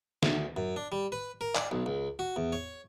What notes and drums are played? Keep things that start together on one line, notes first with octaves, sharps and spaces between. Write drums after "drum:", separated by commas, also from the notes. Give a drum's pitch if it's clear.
D2, drum: snare
F#2
D4
G3
B4
A#4
D5, drum: clap
B1
C#2
F#4
E2
C#5